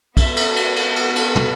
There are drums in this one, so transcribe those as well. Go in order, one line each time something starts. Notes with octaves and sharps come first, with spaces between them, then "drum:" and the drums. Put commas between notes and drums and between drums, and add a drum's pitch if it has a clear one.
B3 F#4 A4 E5, drum: kick, cymbal
drum: cymbal
drum: cymbal
drum: cymbal
drum: cymbal
drum: cymbal
drum: tom